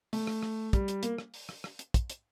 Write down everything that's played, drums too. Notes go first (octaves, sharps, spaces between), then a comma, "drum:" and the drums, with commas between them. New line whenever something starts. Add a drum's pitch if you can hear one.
A3, drum: open hi-hat
drum: rim click
drum: rim click
G3, drum: kick, hi-hat
drum: hi-hat
A#3, drum: hi-hat
drum: rim click
drum: open hi-hat
drum: rim click
drum: rim click
drum: hi-hat
drum: kick, hi-hat
drum: hi-hat